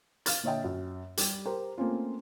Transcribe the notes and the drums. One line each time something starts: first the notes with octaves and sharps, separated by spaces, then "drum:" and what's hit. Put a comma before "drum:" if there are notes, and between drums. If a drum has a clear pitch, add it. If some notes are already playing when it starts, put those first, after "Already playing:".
F5 F6 A6, drum: hi-hat
A#2 D3 C#5 D#5 E5 G5
F#2
G3 G4, drum: hi-hat
G4 A#4 C5
A3 A#3 C4 C#4 F4